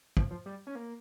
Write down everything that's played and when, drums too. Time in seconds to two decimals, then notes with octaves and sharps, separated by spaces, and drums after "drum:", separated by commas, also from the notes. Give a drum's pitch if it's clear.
0.17 F3, drum: kick
0.31 F3
0.46 G3
0.67 C#4
0.75 A#3